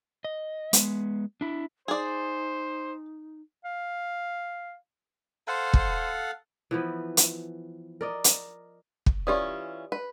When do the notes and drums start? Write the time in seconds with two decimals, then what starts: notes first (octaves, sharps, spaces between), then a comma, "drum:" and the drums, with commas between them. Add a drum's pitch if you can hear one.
0.24 D#5
0.73 G#3 B3, drum: hi-hat
1.41 D4 E4
1.88 D#4 G#4 C5 D5
3.65 F5
5.48 A4 C5 F5 F#5
5.74 drum: kick
6.71 E3 F3 B3
7.17 drum: hi-hat
8.01 A#4 D5 D#5
8.24 drum: hi-hat
9.06 drum: kick
9.27 E3 C#4 F4 G4 D5 D#6
9.92 B4